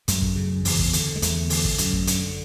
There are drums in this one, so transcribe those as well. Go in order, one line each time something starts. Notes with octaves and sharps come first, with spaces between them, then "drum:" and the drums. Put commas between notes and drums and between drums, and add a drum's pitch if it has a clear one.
F#2 A3, drum: hi-hat
drum: kick
C#3
E2, drum: open hi-hat
drum: kick
D3, drum: hi-hat
G#3
E2 A3, drum: hi-hat
D3, drum: open hi-hat
drum: kick
F#2, drum: hi-hat
drum: kick
D3, drum: hi-hat